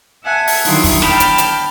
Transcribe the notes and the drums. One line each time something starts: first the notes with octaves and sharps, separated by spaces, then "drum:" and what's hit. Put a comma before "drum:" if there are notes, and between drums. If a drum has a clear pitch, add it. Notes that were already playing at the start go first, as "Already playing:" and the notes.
E5 F#5 G#5 A5
drum: open hi-hat
D3 D#3 F#3 E4 F4 D#6, drum: open hi-hat
drum: kick, open hi-hat
G5 A5 B5 F6 G6, drum: snare
drum: hi-hat
drum: hi-hat